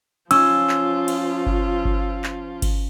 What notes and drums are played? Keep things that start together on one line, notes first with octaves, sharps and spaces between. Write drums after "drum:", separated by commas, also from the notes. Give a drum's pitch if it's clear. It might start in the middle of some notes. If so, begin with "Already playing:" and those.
F3 C#4 F4 E6, drum: cymbal
drum: clap
drum: cymbal
drum: kick G1
drum: kick G1
drum: clap
drum: kick G1, cymbal